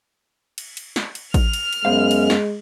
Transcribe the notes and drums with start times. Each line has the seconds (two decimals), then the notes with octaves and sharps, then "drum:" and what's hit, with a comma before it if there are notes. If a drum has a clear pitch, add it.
0.58 drum: cymbal
0.77 drum: cymbal
0.96 drum: snare
1.15 drum: cymbal
1.34 F6, drum: kick A1, cymbal
1.53 drum: cymbal
1.73 drum: cymbal
1.85 F#2 G#3 B3 C5 F5
2.11 drum: cymbal
2.30 drum: snare